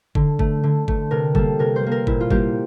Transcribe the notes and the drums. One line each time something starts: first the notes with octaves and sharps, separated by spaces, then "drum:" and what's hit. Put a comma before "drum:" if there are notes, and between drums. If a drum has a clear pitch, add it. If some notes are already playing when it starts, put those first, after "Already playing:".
D3, drum: kick G1
A3, drum: kick G1
D3
A3, drum: kick G1
C3 A#4
G3 A#3 A4, drum: kick G1
C3 A#4
C5
G3 A#3
A#4
A#2 E4, drum: kick G1
F4
G3 A#3 G4, drum: kick G1